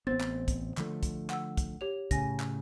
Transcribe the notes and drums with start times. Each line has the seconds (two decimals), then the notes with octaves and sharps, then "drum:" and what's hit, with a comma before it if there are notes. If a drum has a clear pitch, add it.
0.07 A1 B3 C4 C5 A6
0.20 drum: clap
0.48 drum: kick, hi-hat
0.77 D3 F3 A3, drum: clap
1.03 drum: kick, hi-hat
1.30 F#5 E6, drum: clap
1.57 drum: kick, hi-hat
1.81 G4 C#5 F7
2.11 A2 C#3 G#5 A#6, drum: kick, hi-hat
2.40 drum: clap